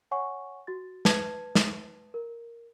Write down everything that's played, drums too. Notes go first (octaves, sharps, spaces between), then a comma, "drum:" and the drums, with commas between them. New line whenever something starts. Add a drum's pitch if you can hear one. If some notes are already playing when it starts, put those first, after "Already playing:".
C#5 F#5 G#5 C#6
F#4 A6
B4 A5 G#6, drum: snare
drum: snare
A#4